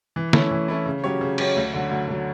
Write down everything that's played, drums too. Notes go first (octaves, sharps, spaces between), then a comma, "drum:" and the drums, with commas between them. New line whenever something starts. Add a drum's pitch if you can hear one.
E3
A3 C#4 E4, drum: snare
E3
A3 C#4 E4
C#3
F#3 C#4 G4 C#5
C#3
F#3 C#4 G4 C#5, drum: cymbal
D2
D3 F#3
D2
D3 F#3